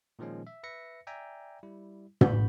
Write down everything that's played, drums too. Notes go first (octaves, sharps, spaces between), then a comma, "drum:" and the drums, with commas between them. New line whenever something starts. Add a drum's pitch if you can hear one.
A#2 D#3 F3 G#3 C#4
E5
B4 E5 A#6 C#7
D5 E5 G5 G#5 A#5
G3 E4
A1 B3 F#4 B5 G6, drum: tom